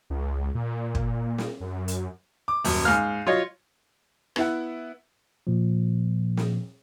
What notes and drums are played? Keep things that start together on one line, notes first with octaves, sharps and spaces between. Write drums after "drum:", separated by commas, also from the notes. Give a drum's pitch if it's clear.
C#2
A#2
drum: kick
drum: snare
F#2
drum: hi-hat
D6
D#1 F#2, drum: open hi-hat
G#2 F5 F6
F#3 F4 C#5 D#5
B3 E4 F#5, drum: rim click
A#2 F3
drum: snare